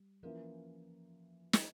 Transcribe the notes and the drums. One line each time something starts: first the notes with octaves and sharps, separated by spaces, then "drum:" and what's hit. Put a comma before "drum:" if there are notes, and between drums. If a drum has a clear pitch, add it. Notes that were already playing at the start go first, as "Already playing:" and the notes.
Already playing: G3
E3 F3 A#3 C#4 F4 A#4
F3, drum: snare